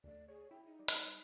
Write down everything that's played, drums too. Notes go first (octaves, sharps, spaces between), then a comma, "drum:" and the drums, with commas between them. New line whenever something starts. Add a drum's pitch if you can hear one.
D2 A3 D5
G#4 C#5
E4 G5
D#4
G3
drum: hi-hat